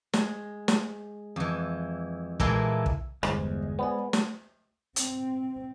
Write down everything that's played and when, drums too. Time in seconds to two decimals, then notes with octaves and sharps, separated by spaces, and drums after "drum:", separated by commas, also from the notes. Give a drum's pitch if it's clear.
0.13 G#3, drum: snare
0.68 drum: snare
1.36 F2 E3
2.40 A#2 E3 G#3 A#3 E4 A4, drum: kick
2.86 drum: kick
3.23 G1 E2 G#3 C5 D#5, drum: rim click
3.79 B3 C5 D5 G#5
4.13 drum: snare
4.96 C4, drum: hi-hat